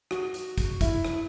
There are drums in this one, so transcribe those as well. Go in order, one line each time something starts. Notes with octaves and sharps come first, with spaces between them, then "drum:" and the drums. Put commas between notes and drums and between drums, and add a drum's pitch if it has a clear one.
F#4, drum: rim click
drum: hi-hat
drum: kick, hi-hat
E4, drum: kick, hi-hat
drum: rim click